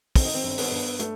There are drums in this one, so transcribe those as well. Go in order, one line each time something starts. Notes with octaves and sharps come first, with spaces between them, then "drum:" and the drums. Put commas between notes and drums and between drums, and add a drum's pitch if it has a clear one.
D#3 C4, drum: kick, open hi-hat
D#4
C4
G1
B3, drum: open hi-hat
G1
A3, drum: hi-hat